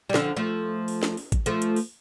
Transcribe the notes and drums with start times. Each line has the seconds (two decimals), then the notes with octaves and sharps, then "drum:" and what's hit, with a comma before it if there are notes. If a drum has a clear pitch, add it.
0.09 G3
0.14 D3 F3, drum: snare
0.37 F3 A3
0.88 drum: open hi-hat
1.03 drum: snare
1.17 drum: open hi-hat
1.32 drum: kick, hi-hat
1.46 F3 A3, drum: hi-hat
1.62 drum: hi-hat
1.76 drum: open hi-hat